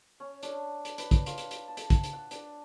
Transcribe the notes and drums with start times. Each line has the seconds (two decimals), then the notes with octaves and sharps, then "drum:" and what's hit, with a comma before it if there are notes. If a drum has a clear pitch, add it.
0.20 C#4
0.43 D4, drum: hi-hat
0.85 drum: hi-hat
0.98 B4, drum: hi-hat
1.11 drum: kick, hi-hat
1.26 F4, drum: hi-hat
1.38 drum: hi-hat
1.51 drum: hi-hat
1.68 A5
1.77 drum: hi-hat
1.90 drum: kick, hi-hat
2.04 drum: hi-hat
2.13 F#5
2.31 D4, drum: hi-hat